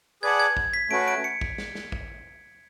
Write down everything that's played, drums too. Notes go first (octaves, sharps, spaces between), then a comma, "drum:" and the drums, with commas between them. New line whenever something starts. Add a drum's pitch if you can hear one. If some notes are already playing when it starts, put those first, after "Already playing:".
G#4 B4 D5 F#5 A5 G#6
G#6
drum: kick
B6
A3 C#4 F#4 B4 D7
D7
C#7
drum: kick
drum: snare
drum: snare
drum: kick